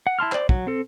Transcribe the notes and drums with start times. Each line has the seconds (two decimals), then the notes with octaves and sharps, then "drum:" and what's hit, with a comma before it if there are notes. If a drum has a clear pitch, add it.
0.07 F#5
0.19 E4 A5 C6 F6
0.32 C5 D5, drum: clap
0.49 F#3, drum: kick
0.67 C4 A4